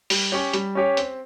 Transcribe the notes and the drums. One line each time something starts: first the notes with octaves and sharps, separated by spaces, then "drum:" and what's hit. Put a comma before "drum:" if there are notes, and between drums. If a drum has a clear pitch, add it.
G3, drum: open hi-hat
C#4 G4 C#5
G3, drum: hi-hat
C#4 G4 C#5
C4, drum: hi-hat